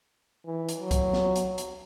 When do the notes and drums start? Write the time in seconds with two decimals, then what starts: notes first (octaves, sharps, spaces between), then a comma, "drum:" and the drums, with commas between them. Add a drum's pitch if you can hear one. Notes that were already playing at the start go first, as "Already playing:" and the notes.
0.46 E3
0.69 drum: hi-hat
0.80 F#3
0.91 drum: kick C2, hi-hat
1.13 drum: snare B3
1.36 drum: hi-hat
1.58 drum: hi-hat